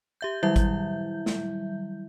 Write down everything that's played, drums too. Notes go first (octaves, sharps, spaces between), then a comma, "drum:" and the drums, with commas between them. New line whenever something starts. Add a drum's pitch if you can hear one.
G4 E5 G6
D#3 F#3 G3 E4 E5 G6
drum: kick G#1, hi-hat
drum: snare